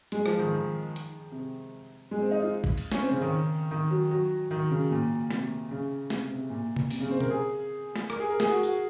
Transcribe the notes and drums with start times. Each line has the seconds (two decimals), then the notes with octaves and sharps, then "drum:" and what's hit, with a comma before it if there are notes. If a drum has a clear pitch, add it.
0.12 G#3, drum: hi-hat
0.26 F3, drum: rim click
0.39 D#3
0.52 D#3
0.96 drum: hi-hat
1.32 C3
2.11 G#3
2.22 C4
2.31 D#4
2.42 F4
2.64 drum: kick G#1
2.78 drum: cymbal
2.92 C#4, drum: snare
3.01 C4
3.11 C#3
3.21 D#3
3.71 D#3
3.91 F#3
4.11 F#3
4.51 D#3
4.71 C#3
4.91 A#2
5.31 C3, drum: snare
5.71 C#3
6.10 C3, drum: snare
6.31 C3
6.50 A#2
6.76 drum: tom C3
6.91 C3, drum: open hi-hat
7.00 C#3
7.11 C4
7.20 A#4, drum: tom B2
7.30 G#4
7.96 drum: snare
8.10 A#4, drum: rim click
8.20 G#4
8.30 A#4
8.40 G#4, drum: snare
8.50 F#4
8.63 F#4, drum: tambourine